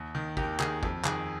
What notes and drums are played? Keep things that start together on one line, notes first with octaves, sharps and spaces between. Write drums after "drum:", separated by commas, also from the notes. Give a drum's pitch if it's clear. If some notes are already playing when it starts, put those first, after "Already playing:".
Already playing: D#2
D#3
D#2 G4 A#4, drum: kick
D#3 G#4, drum: clap
F2, drum: kick
D#3 G#4, drum: clap